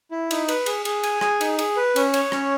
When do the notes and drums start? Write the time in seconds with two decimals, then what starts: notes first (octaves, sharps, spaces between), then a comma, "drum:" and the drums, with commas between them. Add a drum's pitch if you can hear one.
0.11 E4
0.31 D#4, drum: cymbal
0.48 B4, drum: cymbal
0.66 G#4, drum: cymbal
0.85 G#4, drum: cymbal
1.03 G#5, drum: cymbal
1.21 G#4, drum: rim click
1.41 D#4, drum: cymbal
1.59 G#4, drum: cymbal
1.77 B4
1.96 C#4, drum: cymbal
2.14 C#5, drum: cymbal
2.32 C#4, drum: rim click